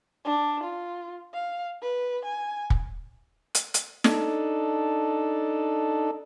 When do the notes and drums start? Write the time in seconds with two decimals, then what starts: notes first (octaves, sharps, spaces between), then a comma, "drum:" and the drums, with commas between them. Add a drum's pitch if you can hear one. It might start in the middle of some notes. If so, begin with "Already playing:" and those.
0.24 D4
0.63 F4
1.34 F5
1.82 B4
2.25 G#5
2.70 drum: kick
3.55 drum: hi-hat
3.74 drum: hi-hat
4.04 D4 D#4 A4, drum: snare